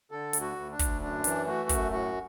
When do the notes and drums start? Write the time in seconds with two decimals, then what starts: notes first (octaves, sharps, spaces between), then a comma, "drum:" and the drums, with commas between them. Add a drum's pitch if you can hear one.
0.11 D3 A4
0.33 D2, drum: hi-hat
0.41 F#4
0.56 D2
0.71 D4
0.79 D2, drum: kick, hi-hat
1.01 F#2 D4
1.24 E3, drum: hi-hat
1.46 A3 F#4
1.69 F#2, drum: kick, hi-hat
1.92 A2 F#4